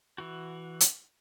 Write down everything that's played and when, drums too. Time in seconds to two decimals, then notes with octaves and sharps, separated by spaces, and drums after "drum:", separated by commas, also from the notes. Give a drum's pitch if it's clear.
0.18 E3 F#4
0.81 drum: hi-hat